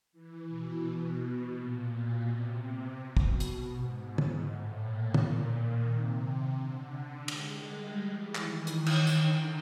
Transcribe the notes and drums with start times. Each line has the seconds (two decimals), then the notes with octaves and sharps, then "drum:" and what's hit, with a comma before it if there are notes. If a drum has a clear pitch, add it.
0.13 E3
0.48 B2
1.55 A#2
1.92 B2
2.27 C3
2.99 B2
3.17 drum: kick
3.40 drum: hi-hat
3.70 G#2
4.18 drum: tom
4.42 A2
4.78 A#2
5.14 drum: tom
5.49 D#3
5.85 C3
6.57 D3
7.28 G#3, drum: cymbal
7.63 G3
8.00 E3
8.35 D#3, drum: clap
8.67 drum: hi-hat
8.86 drum: cymbal
9.07 D3, drum: tambourine